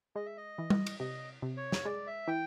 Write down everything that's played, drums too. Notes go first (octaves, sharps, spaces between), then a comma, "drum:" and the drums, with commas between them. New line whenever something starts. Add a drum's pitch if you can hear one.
G#3 D#5
E5
D#5
E3
drum: tom G3
drum: cymbal
C3 D#5
C3
C#5
drum: snare
G#3 D5
E5
E3 G5